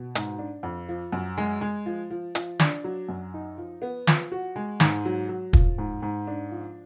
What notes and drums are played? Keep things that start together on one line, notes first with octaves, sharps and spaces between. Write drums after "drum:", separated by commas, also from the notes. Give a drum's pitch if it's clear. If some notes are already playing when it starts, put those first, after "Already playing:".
Already playing: B2
G#2, drum: hi-hat
D4
F2
F3
F#2
G#3
G#3
F3
F3
F3, drum: hi-hat
D4, drum: snare
F#3
F#2
D#4
F3
B3
F3, drum: snare
F#4
G#3
G#2, drum: snare
F#3
F#3
F3, drum: kick
G#2
G#2
D4
F3